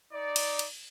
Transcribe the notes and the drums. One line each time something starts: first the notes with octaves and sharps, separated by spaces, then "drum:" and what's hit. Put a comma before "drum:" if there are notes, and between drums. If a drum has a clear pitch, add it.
D#4 D5
drum: cymbal
drum: cymbal